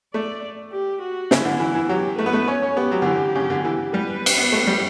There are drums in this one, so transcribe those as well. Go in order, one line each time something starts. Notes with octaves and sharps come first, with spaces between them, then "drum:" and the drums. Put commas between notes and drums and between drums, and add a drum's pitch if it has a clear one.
A3 D5
G4
F#4
C#3 E4, drum: snare
D3
E3
E3
F#3 G4
A3 B4
B3
A3
C#4 C#5
C#4
B3 G4
F#3
D3
E3
C#3
D3
E3 G4
G3 B4
drum: cymbal
B3
A3
G3